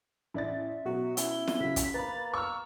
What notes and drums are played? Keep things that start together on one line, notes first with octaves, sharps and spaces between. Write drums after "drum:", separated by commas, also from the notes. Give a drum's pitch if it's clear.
A1 D5 E5 A6
B2 F#3 F#4
C#4 E4 G7, drum: hi-hat
drum: snare
C#2 F#3 B6
drum: kick, hi-hat
A#3 B4 A#5 B5 A6
C#6 E6 F6